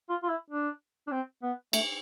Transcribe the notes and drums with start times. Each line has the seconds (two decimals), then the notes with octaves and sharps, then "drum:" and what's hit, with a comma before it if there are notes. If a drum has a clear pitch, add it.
0.09 F4
0.23 F4
0.29 E4
0.50 D4
1.07 D4
1.11 C4
1.43 B3
1.73 A3, drum: cymbal